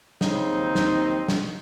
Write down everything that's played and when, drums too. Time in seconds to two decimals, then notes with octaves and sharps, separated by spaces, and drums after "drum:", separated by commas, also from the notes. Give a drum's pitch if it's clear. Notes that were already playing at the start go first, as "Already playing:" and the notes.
0.21 C#3 C4 D#4, drum: snare
0.49 D#2
0.75 D#2, drum: snare
1.28 drum: snare